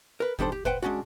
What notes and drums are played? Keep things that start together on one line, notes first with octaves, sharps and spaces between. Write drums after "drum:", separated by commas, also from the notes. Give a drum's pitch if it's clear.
A#4 B4
D#3 G3 D4 A4 C5, drum: kick F#1
G4
B4 C5 F#5 G5, drum: kick F#1
G#3 A#3 C#4 D4 F#4